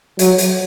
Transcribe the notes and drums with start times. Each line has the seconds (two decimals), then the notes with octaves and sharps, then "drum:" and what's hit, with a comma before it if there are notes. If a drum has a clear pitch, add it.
0.19 F#3, drum: hi-hat
0.38 drum: hi-hat